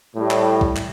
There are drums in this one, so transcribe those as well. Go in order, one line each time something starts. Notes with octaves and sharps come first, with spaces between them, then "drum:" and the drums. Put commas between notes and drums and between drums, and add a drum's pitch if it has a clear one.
A2 G3
drum: clap
drum: kick B1
drum: clap